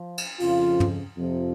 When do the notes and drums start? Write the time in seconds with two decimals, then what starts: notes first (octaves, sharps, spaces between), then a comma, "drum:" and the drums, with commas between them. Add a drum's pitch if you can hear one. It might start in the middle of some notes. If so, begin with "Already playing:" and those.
Already playing: F3
0.18 drum: cymbal
0.40 F2 C#3 F3 F4, drum: open hi-hat
0.80 drum: tom
1.16 F2 C3 F3